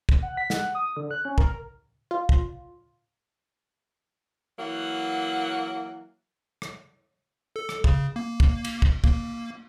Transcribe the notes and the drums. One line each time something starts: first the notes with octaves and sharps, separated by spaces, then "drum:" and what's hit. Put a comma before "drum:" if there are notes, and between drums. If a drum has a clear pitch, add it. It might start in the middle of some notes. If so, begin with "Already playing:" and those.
drum: kick
F#5
B6
F#5, drum: snare
D#6
D3
F#6
C#4
A#4, drum: kick
F4
drum: kick
E3 F#3 A#3 F#5
drum: rim click
A4
drum: rim click
C#3, drum: kick
A#3
drum: kick
drum: cymbal
drum: kick
A#3, drum: kick